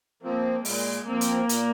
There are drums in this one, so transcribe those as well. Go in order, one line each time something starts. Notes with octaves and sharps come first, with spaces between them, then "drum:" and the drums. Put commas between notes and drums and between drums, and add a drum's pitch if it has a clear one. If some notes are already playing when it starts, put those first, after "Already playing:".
F3 A#3 C4
A#2 G#3, drum: open hi-hat
F3 A#3 C4
drum: hi-hat
A#2, drum: hi-hat